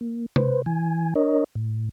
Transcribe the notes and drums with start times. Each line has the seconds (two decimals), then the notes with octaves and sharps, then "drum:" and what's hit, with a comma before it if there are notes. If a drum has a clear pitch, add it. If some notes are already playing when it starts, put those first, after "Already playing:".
0.01 A#3
0.36 B4 C5, drum: tom C3
0.66 E3 G#5
1.15 D4 A#4 C#5 D#5
1.55 A2